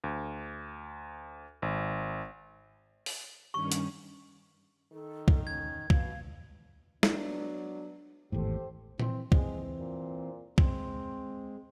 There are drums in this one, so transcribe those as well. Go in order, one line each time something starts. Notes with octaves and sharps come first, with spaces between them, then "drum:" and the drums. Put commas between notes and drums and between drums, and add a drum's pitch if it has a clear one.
D2
G#1
drum: open hi-hat
G2 D#3 C#4 C#6
drum: hi-hat
D#3 A4
drum: kick
C#4 G#6
B2 F5, drum: kick
F#3 B3 D4, drum: snare
G#1 E2 A2 G4 A4 C5
E3 C4, drum: tom A#2
E3 G#3 C4, drum: kick
A#2
G#3 C4, drum: kick